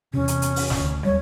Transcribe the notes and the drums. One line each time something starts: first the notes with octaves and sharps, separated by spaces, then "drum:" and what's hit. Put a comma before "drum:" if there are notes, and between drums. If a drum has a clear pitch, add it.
E2 C3 C#4
drum: hi-hat
drum: hi-hat
drum: open hi-hat
drum: snare
D2
D#2 F#3 G3 C#5